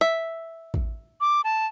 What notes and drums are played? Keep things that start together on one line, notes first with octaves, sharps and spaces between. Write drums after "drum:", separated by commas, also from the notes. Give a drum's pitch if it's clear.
E5
drum: kick A1
D6
A5